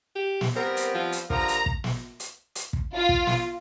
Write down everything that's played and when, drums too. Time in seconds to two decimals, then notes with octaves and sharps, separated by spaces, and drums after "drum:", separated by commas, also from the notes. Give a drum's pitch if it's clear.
0.15 G4
0.41 drum: snare
0.56 G3 B3 C4 A#4
0.77 drum: hi-hat
0.95 F3
1.12 drum: hi-hat
1.30 G2 D3 F3 A#4 A#5, drum: kick
1.48 drum: hi-hat
1.66 drum: kick
1.84 drum: snare
2.20 drum: hi-hat
2.55 drum: hi-hat
2.73 drum: kick
2.95 F4
3.09 drum: kick
3.27 drum: snare